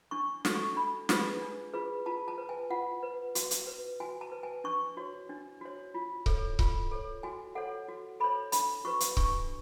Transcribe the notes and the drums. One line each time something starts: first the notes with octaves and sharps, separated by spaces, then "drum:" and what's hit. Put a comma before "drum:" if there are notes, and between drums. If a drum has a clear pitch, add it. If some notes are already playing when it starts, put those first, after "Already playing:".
D4 C#6
F#4 A4, drum: snare
C#6
D4 B5
F4 G#4 B4, drum: snare
D4
F4 G#4 B4
F4 A5
A5
B4
G#5
F4 F#5
B4
F#4, drum: hi-hat
drum: hi-hat
B4
F#4 G#5
A5
B4
G#5
D4 C#6
F#4 C#5
D4
F#4 C#5
F4
A4 C#5, drum: kick C#1
F4, drum: kick C#1
A4 C#5
F#4 G#5
A4 C#5 F#5
F#4
A4 C#5 B5
D4 B5, drum: hi-hat
F#4 B4 C#6
drum: hi-hat
D4 C#6, drum: kick C#1